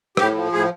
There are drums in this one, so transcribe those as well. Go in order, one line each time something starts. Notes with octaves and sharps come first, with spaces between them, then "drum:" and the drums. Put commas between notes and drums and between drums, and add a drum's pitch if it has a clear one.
A2 G4, drum: rim click
F3
A2 G#4